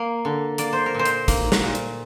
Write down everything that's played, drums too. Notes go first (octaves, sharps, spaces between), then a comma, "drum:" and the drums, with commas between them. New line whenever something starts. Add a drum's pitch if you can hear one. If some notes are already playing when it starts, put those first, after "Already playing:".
Already playing: A#3
D3
A#3 D5, drum: hi-hat
C5
A#4
A#2 C5
drum: hi-hat
A#3, drum: kick, hi-hat
drum: snare
A#2
drum: hi-hat